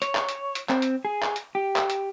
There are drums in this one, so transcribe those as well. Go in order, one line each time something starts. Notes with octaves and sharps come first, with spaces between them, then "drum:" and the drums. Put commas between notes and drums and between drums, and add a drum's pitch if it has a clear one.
C#5, drum: hi-hat
drum: clap
drum: hi-hat
drum: hi-hat
C4, drum: clap
drum: hi-hat
G#4
drum: clap
drum: hi-hat
G4
drum: clap
drum: hi-hat